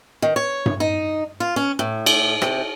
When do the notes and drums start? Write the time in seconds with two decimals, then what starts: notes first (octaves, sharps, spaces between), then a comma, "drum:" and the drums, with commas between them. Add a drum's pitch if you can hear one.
0.22 D#3
0.36 C#5
0.66 drum: tom G2
0.80 D#4
1.40 F4
1.56 C#4
1.79 A2
2.06 drum: cymbal
2.42 C3, drum: rim click